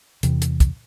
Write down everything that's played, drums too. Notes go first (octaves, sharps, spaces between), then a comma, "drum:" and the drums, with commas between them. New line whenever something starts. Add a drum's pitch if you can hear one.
E2 C3 E3, drum: hi-hat
drum: hi-hat
drum: kick, hi-hat